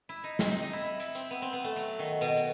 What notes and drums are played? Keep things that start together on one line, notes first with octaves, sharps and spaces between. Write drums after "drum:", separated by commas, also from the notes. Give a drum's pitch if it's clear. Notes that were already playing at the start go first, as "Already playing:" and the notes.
E4
D#4
C4, drum: snare
D#4
D#4
E4
E4
E4, drum: hi-hat
C4, drum: hi-hat
B3
C4
B3
A3
F#3, drum: hi-hat
D#3
B2, drum: hi-hat
drum: hi-hat